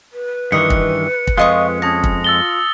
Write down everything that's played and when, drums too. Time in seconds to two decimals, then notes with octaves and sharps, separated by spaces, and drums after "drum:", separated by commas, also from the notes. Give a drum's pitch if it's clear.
0.13 B4
0.52 G2 D#3 E3 D#5 C#7
0.70 drum: kick
1.27 drum: kick
1.38 F2 G#3 F4 D#5 C#6
1.82 C#4 A5 D#6 A#6
2.04 drum: kick
2.24 F4 E6 A6 G7